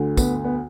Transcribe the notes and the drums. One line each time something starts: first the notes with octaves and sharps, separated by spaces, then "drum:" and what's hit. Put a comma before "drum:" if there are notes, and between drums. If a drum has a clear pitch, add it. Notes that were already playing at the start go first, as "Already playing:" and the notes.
Already playing: D2 D3
B3, drum: kick, tambourine
B3